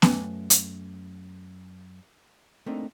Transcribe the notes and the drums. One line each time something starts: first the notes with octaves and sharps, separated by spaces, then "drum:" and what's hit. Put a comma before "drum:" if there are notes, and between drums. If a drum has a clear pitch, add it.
F#2 A3 B4 G#5, drum: snare B3
drum: hi-hat
A3 A#3 C4 D4 D#4